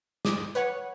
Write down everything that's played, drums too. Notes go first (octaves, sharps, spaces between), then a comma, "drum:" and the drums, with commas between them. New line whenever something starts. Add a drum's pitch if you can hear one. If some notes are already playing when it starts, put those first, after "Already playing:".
D6 D#6, drum: snare
B4 C#5 F#5, drum: hi-hat